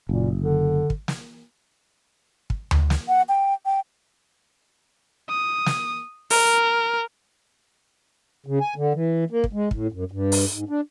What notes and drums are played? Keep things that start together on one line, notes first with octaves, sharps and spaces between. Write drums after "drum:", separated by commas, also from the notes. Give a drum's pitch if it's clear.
F#1 A#2
D3
drum: kick
drum: snare
drum: kick
drum: tom D2
drum: snare
F#5
G5
G5
D#6
drum: snare
A#4, drum: open hi-hat
C#3
G#5
D3
E3
A#3
drum: kick
G#3
A2, drum: kick
F#2
G2
drum: open hi-hat
G#2
D4